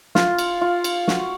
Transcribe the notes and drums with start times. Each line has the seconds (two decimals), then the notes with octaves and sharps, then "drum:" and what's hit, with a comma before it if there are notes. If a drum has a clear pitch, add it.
0.15 F4, drum: snare
0.38 drum: cymbal
0.61 F4
0.84 drum: cymbal
1.08 F#4, drum: snare